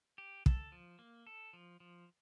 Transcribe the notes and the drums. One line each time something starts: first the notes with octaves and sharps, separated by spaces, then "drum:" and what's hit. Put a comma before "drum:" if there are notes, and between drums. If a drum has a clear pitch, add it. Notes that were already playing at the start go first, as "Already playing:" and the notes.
G4
A4, drum: kick
F3
A#3
A4
F3
F3